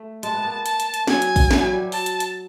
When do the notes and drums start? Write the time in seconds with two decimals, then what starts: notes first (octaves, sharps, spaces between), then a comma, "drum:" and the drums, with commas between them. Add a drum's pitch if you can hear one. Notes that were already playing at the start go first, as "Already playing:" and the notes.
Already playing: A3
0.23 G#3 A5, drum: hi-hat
0.34 B3
0.45 A#3
0.66 A5, drum: hi-hat
0.80 drum: hi-hat
0.94 drum: hi-hat
1.07 F#3 G#5, drum: snare
1.22 drum: hi-hat
1.36 drum: kick, open hi-hat
1.51 E3, drum: snare
1.60 F#3
1.72 G3
1.82 F#3
1.92 A5, drum: open hi-hat
2.06 drum: hi-hat
2.20 drum: hi-hat